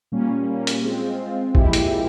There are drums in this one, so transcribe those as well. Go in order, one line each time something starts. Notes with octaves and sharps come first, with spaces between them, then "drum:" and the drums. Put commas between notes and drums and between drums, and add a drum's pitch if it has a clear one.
A#2 G3 A#3 C#4
A#2 G3 A#3 C#4
drum: hi-hat
G#3 C4 F4
G#3 C4 F4
A#2 F3 G#3 E4 G4, drum: kick A1
drum: hi-hat
A#2 F3 G#3 E4